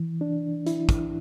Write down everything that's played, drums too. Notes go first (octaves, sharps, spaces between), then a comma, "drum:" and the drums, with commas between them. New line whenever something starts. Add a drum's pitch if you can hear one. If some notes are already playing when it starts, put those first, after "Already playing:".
Already playing: E3
D4
E4, drum: hi-hat
drum: kick, hi-hat